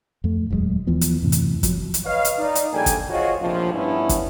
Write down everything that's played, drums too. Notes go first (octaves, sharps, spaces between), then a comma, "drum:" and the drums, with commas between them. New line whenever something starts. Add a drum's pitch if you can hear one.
F2 A3
D#1 G2 F#3 G#3
D#2 E3 F3 B3
drum: hi-hat
F#2 A2 C3 E3
drum: hi-hat
F3 F#3, drum: kick, hi-hat
drum: hi-hat
B4 C#5 D#5 F5
drum: hi-hat
D#4 D5
drum: hi-hat
A#1 D#2 G3 A4 G5 G#5
drum: kick, hi-hat
F4 F#4 G#4 C5 C#5 D#5
A#1 A2 C3 F3
G2 B3 C#4 D4 E4
drum: kick, hi-hat